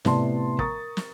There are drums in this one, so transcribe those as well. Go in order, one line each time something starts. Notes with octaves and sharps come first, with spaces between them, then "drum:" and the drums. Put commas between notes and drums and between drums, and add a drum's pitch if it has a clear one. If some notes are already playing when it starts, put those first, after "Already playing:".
A2 C3 B3 D5 A5 C6, drum: snare
A#4 A#5 C#6 D#6 A6, drum: kick
drum: snare